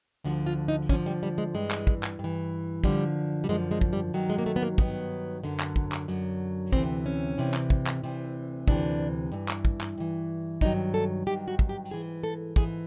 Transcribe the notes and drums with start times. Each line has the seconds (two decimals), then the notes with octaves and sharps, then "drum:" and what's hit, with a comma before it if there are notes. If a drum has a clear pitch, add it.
0.24 D2 D3 F3 F#4
0.46 F4
0.68 D#4
0.89 D2 D3 F3 C#4, drum: kick
1.06 G3
1.23 G3
1.38 G#3
1.55 G2 E3 G#3
1.71 drum: clap
1.87 drum: kick
2.03 drum: clap
2.19 G2
2.24 E3
2.84 F#2 D3 F3 G3, drum: kick
3.44 G3
3.49 F#2 D3 F3 G#3
3.71 G#3
3.81 drum: kick
3.93 G3
4.14 G2 D#3 F#3 A3
4.30 G#3
4.38 A#3
4.46 A3
4.56 B3
4.63 A#3
4.78 G2 D#3 F#3 B3, drum: kick
5.44 F#2 D3 F#3
5.60 drum: clap
5.76 drum: kick
5.92 drum: clap
6.08 F#2 D3 F#3
6.73 D2 C3 E3 C4, drum: kick
7.06 C#4
7.38 D2 C3 E3
7.54 drum: clap
7.70 drum: kick
7.86 drum: clap
8.04 D2 C3 E3
8.68 D2 C3 E3 D4, drum: kick
9.32 G2 E3
9.48 drum: clap
9.65 drum: kick
9.81 drum: clap
9.98 G2 E3
10.61 G2 D#3 F#3 D#4, drum: kick
10.94 A4
11.26 G2 D#3 F#3 G4
11.48 F#4
11.59 drum: kick
11.69 G4
11.91 G#2 E3 G#4
12.23 A4
12.56 G#2 E3 G#4, drum: kick